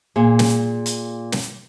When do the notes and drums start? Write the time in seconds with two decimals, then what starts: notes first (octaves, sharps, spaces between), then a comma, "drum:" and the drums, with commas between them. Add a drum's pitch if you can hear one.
0.16 A#2 G#4
0.39 drum: snare
0.86 drum: hi-hat
1.32 drum: snare